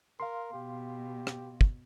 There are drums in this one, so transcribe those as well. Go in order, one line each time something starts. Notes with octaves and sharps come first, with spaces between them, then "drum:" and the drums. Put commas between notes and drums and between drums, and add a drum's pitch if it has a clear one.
A#4 F5 C6
B2 G4
drum: rim click
drum: kick